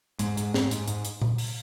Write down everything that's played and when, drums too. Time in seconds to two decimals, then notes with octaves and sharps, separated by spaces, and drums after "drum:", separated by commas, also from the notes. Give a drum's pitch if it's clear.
0.19 G#2 G#3, drum: hi-hat
0.37 G#2, drum: hi-hat
0.54 G#2, drum: snare
0.71 G#2, drum: hi-hat
0.88 G#2, drum: hi-hat
1.05 drum: hi-hat
1.22 drum: tom A#2
1.38 drum: open hi-hat